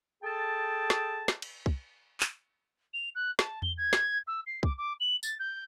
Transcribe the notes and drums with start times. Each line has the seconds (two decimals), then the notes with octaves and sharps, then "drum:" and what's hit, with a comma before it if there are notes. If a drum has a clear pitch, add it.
0.23 G#4 A4 G5 A5
0.90 drum: snare
1.28 drum: snare
1.42 drum: cymbal
1.66 drum: kick
2.20 drum: clap
2.93 F7
3.15 F#6
3.39 A5, drum: snare
3.62 G7, drum: tom E2
3.77 G#6
3.93 drum: snare
4.27 E6
4.46 C7
4.63 D6, drum: kick
4.77 D6
5.00 F#7
5.23 A6, drum: tambourine
5.39 G6